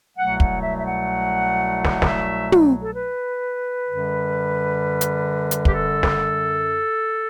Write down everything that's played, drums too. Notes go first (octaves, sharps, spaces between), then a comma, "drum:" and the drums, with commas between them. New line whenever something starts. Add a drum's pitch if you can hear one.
C2 B2 F#3 A3 F#5
F#5, drum: kick
E5
E5
F#5
drum: snare
E5, drum: snare
drum: tom
A4
B4
F#2 D3 G3
drum: hi-hat
drum: hi-hat
G4, drum: kick
A4
drum: snare